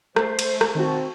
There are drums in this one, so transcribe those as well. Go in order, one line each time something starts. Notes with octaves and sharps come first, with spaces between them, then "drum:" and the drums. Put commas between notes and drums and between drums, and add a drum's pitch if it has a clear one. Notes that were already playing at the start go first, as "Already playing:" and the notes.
A3 C5, drum: rim click
drum: cymbal
drum: rim click
B2 D#3 C4 F#4 F5 A5